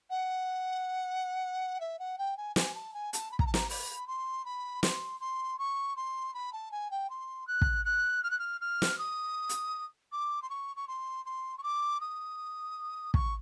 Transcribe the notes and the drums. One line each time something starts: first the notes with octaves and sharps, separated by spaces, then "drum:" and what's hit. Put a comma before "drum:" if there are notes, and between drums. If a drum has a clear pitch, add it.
F#5
E5
F#5
G5
G#5
G#5, drum: snare
A5
G#5
A5, drum: hi-hat
B5
A#5, drum: kick
A5
A#5, drum: snare
B5, drum: open hi-hat
C6
B5
C6, drum: snare
C6
C#6
C6
B5
A5
G#5
G5
C6
F#6
drum: kick
F#6
F6
F#6
F6
F6
drum: snare
D#6
drum: hi-hat
D6
C6
C#6
C#6
C6
C6
C#6
D6
D#6
C#6, drum: kick